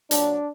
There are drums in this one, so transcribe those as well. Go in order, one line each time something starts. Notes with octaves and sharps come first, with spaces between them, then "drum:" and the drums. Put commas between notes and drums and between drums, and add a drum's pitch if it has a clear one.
A#2 F#3 D4, drum: hi-hat